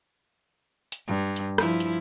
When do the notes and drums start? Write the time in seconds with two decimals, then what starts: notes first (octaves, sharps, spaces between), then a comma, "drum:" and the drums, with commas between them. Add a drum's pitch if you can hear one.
0.92 drum: hi-hat
1.08 G2
1.36 drum: hi-hat
1.58 F3 E4, drum: rim click
1.80 drum: hi-hat